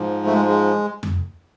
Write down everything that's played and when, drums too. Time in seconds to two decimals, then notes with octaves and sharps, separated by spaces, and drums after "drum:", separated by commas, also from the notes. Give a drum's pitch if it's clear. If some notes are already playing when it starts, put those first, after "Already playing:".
Already playing: G#2 F3
0.26 A3
0.34 G#3
0.48 G#3
1.03 drum: tom F2